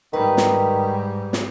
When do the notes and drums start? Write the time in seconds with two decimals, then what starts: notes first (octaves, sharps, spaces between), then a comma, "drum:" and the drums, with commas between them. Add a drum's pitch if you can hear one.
0.13 G#2 D#3 G3 B4
0.37 drum: snare
1.33 drum: snare